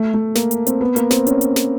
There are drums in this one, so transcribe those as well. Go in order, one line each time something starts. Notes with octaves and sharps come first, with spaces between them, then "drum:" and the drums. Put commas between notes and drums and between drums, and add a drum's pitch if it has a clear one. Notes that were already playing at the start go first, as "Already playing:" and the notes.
Already playing: A3
A3
A#3, drum: snare
drum: hi-hat
C4, drum: hi-hat
B3
A#3, drum: hi-hat
C4, drum: snare
C#4, drum: hi-hat
drum: hi-hat
drum: snare